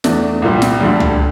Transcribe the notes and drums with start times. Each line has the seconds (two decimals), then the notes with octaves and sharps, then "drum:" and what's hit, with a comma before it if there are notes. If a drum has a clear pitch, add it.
0.04 E2 E3 A3 D4, drum: snare
0.42 C2 A#2 G3
0.62 drum: snare
0.80 D2 D3 G3
1.00 drum: tom